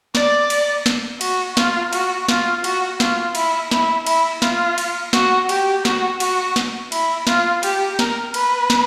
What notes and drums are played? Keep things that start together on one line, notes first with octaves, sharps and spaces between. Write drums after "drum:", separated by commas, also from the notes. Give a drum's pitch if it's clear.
D5, drum: snare
drum: cymbal
drum: snare
F#4, drum: cymbal
F4, drum: snare
F#4, drum: cymbal
F4, drum: snare
F#4, drum: cymbal
F4, drum: snare
E4, drum: cymbal
E4, drum: snare
E4, drum: cymbal
F4, drum: snare
drum: cymbal
F#4, drum: snare
G4, drum: cymbal
F#4, drum: snare
F#4, drum: cymbal
drum: snare
E4, drum: cymbal
F4, drum: snare
G4, drum: cymbal
A#4, drum: snare
B4, drum: cymbal
drum: snare